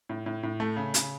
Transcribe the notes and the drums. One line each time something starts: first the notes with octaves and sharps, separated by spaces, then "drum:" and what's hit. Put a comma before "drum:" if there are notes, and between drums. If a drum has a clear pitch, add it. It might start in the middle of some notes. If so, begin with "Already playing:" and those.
A2
A2
A2
A3
C#3
C#3, drum: hi-hat